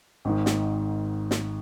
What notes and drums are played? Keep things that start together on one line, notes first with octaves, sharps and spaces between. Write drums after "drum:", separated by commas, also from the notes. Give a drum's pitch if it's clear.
G#1 G#2 D#3
drum: snare
drum: snare